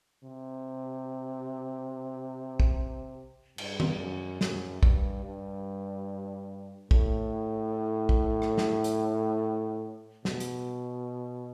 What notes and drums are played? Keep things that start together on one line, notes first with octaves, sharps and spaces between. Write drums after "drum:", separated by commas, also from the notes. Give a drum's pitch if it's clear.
C3
drum: kick
G2, drum: cymbal
drum: tom D#3
F#2
F#2, drum: snare
G2, drum: kick
G2
A2, drum: kick
drum: kick
drum: rim click
drum: snare
drum: hi-hat
B2, drum: snare
drum: hi-hat